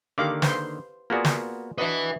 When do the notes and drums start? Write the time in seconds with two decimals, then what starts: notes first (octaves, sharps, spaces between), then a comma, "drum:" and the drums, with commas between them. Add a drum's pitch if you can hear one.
0.18 D3 D#3 A#3 G4 F5 D6
0.42 B4 C5 C6, drum: snare
1.10 A#3 B3 F4 F#4 G#4 D5
1.25 drum: snare
1.78 D4 F#4 B4 D#5 E5